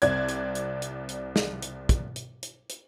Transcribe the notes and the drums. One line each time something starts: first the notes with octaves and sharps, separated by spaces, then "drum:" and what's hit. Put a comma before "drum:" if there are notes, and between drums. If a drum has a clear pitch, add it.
C2 C4 D5 F#6 G#6, drum: hi-hat
drum: hi-hat
drum: hi-hat
drum: hi-hat
drum: hi-hat
drum: snare
drum: hi-hat
drum: kick, hi-hat
drum: hi-hat
drum: hi-hat
drum: hi-hat